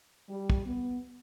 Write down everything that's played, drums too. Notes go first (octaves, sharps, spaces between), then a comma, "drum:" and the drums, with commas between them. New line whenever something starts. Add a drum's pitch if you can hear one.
G3
drum: kick
B3